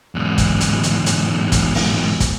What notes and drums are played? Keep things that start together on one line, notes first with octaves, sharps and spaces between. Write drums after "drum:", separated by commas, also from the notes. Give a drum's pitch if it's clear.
E2 G#2
drum: kick, hi-hat
drum: hi-hat
drum: hi-hat
drum: hi-hat
drum: kick, hi-hat
drum: open hi-hat
drum: kick, hi-hat